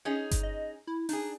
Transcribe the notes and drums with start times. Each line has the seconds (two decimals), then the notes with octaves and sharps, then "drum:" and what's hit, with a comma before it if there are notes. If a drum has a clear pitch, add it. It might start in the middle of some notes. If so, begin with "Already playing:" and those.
0.05 C#4 D#4 G#4
0.31 drum: kick G1, hi-hat
0.43 D#5
0.87 E4
1.09 D4 D#4 G#4, drum: open hi-hat